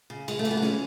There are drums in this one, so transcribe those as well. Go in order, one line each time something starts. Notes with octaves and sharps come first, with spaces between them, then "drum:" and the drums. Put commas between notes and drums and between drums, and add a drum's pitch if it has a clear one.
C#3
C#3 G#3, drum: cymbal
A3
E3, drum: cymbal
B3
D4
G#3 C#4, drum: snare